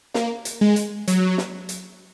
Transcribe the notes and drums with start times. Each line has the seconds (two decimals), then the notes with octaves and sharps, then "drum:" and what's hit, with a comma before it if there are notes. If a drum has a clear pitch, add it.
0.14 A#3, drum: snare
0.45 drum: hi-hat
0.61 G#3
0.76 drum: hi-hat
1.08 F#3, drum: hi-hat
1.38 drum: snare
1.69 drum: hi-hat